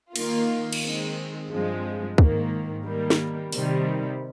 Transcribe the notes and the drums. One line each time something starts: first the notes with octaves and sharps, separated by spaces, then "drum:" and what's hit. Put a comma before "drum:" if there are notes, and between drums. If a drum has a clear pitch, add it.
D#3 A#3 F4, drum: cymbal
drum: cymbal
D#3 G#3 C4
G2 F3 G#3 C4
G#2 D#3 A#3, drum: kick
D#3 G3 A#3
drum: snare
C3 D#3 G3, drum: open hi-hat